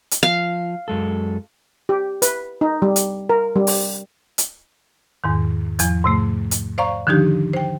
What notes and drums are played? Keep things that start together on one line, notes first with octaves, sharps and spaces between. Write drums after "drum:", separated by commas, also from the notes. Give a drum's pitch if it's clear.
drum: hi-hat
F3 F5
F#2 G#3 A4
G4
B4, drum: hi-hat
D#4
G3
drum: hi-hat
A#4
G3
drum: open hi-hat
drum: hi-hat
E2 G#2 D#3
E2 F3, drum: hi-hat
G#2 C3 A3
drum: hi-hat
C5 D5 F5 A#5 C#6
D3 D#3 F3 D4 D#4 G4
C5 G5